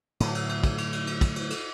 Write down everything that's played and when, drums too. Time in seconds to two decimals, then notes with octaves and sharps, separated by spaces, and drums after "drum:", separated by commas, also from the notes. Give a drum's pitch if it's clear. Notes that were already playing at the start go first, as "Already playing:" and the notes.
0.20 A2 D3 F#3, drum: cymbal
0.35 drum: cymbal
0.49 drum: cymbal
0.64 drum: kick, cymbal
0.78 drum: cymbal
0.92 drum: cymbal
1.07 drum: cymbal
1.21 drum: kick, cymbal
1.36 drum: cymbal
1.50 drum: cymbal